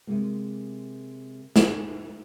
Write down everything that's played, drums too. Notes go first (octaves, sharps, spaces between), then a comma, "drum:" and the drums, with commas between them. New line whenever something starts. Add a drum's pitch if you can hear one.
C3 G#3 A#3
drum: snare